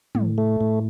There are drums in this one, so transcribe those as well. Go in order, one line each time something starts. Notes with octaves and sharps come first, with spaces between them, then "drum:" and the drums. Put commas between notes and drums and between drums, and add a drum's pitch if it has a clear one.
A2, drum: tom
A3
A2